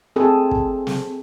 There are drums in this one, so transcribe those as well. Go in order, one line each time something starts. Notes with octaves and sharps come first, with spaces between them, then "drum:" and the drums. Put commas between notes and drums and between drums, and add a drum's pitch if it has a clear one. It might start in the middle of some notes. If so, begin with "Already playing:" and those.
C4 G#4 A4
drum: kick
drum: snare